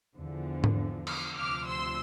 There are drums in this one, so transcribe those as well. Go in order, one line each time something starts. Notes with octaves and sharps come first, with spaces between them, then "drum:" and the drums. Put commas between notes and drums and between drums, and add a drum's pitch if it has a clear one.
E2 D3 F3
drum: tom G#2
drum: cymbal
D2 C3 F3 D6 F6
C6 E6